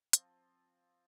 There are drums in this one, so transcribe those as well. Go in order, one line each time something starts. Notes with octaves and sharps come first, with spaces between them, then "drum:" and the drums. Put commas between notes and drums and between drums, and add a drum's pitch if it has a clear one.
F3 C4 F4, drum: hi-hat